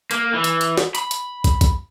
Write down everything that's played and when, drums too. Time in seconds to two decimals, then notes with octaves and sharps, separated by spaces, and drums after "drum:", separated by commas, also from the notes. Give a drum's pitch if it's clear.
0.11 A#3, drum: hi-hat
0.34 E3
0.44 drum: hi-hat
0.61 drum: hi-hat
0.78 drum: snare
0.95 B5, drum: hi-hat
1.11 drum: hi-hat
1.44 drum: kick, hi-hat
1.61 drum: kick, hi-hat